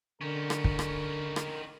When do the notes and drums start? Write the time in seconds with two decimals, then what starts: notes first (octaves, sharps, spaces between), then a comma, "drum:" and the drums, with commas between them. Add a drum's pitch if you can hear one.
0.21 D3 D#3 C#4 A#4
0.50 drum: rim click
0.64 drum: kick
0.79 drum: rim click
1.36 drum: rim click